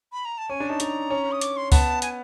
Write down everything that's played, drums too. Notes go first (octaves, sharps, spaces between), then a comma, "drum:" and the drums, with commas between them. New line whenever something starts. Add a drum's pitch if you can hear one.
B5
A#5
A5
C#4 G#5
D4
D#4 A5
D4 A#5, drum: hi-hat
C#4
D#6
D6, drum: hi-hat
C6
B3 A5, drum: kick C#2, open hi-hat
G#5, drum: hi-hat